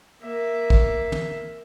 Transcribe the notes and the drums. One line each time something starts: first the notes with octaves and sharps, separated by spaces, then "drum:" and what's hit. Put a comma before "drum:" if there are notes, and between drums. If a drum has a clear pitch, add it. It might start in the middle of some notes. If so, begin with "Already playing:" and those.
A#3 E5
drum: kick
drum: tom